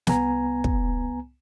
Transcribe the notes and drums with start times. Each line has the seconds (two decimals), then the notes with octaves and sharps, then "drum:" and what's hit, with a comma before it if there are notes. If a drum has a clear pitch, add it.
0.07 C2 B3 G#5 A#5, drum: snare
0.64 drum: kick